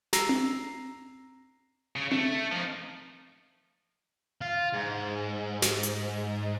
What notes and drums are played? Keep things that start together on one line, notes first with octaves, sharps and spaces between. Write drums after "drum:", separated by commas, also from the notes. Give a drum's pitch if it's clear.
A#5 E6 A#6 C7, drum: snare
drum: tom C4
C#3
A3, drum: tom C4
F3 D#4
F4
G#2
drum: snare
drum: hi-hat